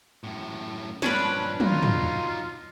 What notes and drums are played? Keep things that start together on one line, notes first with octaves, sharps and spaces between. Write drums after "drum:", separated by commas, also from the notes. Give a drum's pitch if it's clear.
F#2 A2
G2 F3 C#4 D4 B4, drum: snare
F#3 D#4 F4, drum: tom
drum: tom